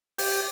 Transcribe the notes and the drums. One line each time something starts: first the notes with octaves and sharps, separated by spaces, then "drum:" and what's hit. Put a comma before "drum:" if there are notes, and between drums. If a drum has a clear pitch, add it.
G4, drum: open hi-hat